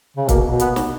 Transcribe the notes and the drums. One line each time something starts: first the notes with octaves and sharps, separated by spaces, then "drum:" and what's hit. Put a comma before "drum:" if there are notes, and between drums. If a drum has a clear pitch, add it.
C#3
B2 A#3, drum: kick C#1, hi-hat
B2
B3, drum: hi-hat
drum: snare